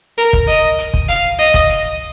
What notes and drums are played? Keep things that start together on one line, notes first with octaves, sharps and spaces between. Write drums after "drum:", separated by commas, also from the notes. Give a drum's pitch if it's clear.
A#4, drum: hi-hat
drum: kick
D#5, drum: hi-hat
drum: hi-hat
drum: kick
F5, drum: hi-hat
D#5, drum: hi-hat
drum: kick
drum: hi-hat